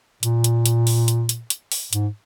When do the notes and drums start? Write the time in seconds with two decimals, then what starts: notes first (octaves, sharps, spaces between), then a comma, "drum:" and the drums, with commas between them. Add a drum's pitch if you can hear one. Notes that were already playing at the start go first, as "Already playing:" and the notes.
0.23 A#2, drum: hi-hat
0.44 drum: hi-hat
0.66 drum: hi-hat
0.87 drum: open hi-hat
1.08 drum: hi-hat
1.29 drum: hi-hat
1.50 drum: hi-hat
1.72 drum: open hi-hat
1.93 G#2, drum: hi-hat